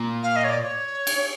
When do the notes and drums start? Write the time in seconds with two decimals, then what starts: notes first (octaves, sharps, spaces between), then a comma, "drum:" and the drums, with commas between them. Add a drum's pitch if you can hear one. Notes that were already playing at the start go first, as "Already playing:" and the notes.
Already playing: A#2
0.23 F5
0.36 D#5
0.44 C#5
0.49 D5
0.63 C#5
1.07 drum: cymbal